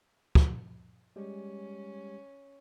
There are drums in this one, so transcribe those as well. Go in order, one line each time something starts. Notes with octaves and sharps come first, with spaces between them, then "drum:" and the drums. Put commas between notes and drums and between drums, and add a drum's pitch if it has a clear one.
drum: kick
G3 G#3 C#4 G4